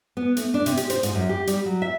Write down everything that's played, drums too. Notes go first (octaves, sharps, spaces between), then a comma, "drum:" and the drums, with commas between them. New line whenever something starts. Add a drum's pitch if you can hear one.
B3
A3, drum: hi-hat
D4
C3, drum: hi-hat
G4, drum: hi-hat
C5, drum: hi-hat
G#2, drum: hi-hat
F#2
G4
G3, drum: hi-hat
F#3
E5